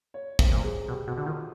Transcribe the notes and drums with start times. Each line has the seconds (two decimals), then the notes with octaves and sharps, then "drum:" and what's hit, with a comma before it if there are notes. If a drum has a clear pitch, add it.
0.14 C#5
0.39 C5, drum: kick
0.52 A#2
0.64 G#4
0.88 B2 G4
1.07 B2 F#4
1.18 D3
1.26 D#3 F4